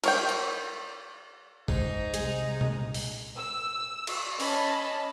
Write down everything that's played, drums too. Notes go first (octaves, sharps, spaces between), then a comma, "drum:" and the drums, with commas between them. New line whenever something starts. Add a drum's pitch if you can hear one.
A#4 C#5 G5, drum: cymbal
drum: hi-hat
G#2 G#3 D#4, drum: kick
C2 G#3 G#4, drum: hi-hat
drum: tom A#2
drum: open hi-hat
E6
drum: cymbal
C#4 D#5 A5 B5, drum: open hi-hat